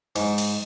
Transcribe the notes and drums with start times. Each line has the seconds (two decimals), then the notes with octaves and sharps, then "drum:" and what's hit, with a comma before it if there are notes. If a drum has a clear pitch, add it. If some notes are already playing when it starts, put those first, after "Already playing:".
0.16 G#2, drum: cymbal
0.38 drum: cymbal